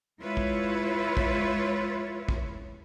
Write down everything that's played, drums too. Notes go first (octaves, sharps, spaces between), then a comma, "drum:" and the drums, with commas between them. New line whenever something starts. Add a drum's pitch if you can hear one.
G#3 E4 F4 B4 C#5 E5
drum: kick
drum: kick
drum: kick